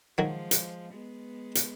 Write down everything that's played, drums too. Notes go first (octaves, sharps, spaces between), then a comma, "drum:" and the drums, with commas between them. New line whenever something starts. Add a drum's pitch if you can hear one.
D#3 F3 F#3 G#3
drum: hi-hat
G#3 B3
drum: hi-hat